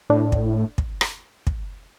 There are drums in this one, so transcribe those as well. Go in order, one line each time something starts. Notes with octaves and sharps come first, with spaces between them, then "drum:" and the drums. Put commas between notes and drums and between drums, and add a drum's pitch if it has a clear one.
A2 D4
drum: kick
drum: kick
drum: rim click
drum: kick